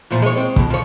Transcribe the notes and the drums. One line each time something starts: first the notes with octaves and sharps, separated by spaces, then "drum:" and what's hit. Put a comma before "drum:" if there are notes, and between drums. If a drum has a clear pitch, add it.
E2 A#2 F3
G#3 C#5
C4
F2 B2, drum: kick
F3 C#5